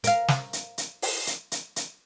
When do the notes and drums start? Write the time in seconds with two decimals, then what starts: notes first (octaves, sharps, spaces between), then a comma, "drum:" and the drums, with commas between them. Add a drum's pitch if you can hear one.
0.04 A#4 F5, drum: hi-hat
0.28 drum: snare
0.53 drum: hi-hat
0.78 drum: hi-hat
1.02 drum: open hi-hat
1.27 drum: hi-hat
1.52 drum: hi-hat
1.76 drum: hi-hat